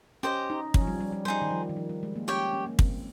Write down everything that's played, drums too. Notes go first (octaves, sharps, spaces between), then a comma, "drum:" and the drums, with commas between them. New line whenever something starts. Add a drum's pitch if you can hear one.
C#4 G4 C5 D#5
D#4
C#4, drum: kick
F3
G3
G3
G3
G3 D#4 G#4 C5
D#3
F3
D#3
F3
G3
G#3
A#3
C#4 G4 C#5 G5
C#4
A#3
C4, drum: kick